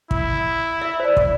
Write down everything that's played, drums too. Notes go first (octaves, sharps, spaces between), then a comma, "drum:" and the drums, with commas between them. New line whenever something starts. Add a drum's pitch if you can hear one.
E4, drum: kick
E5
C5
D5
drum: kick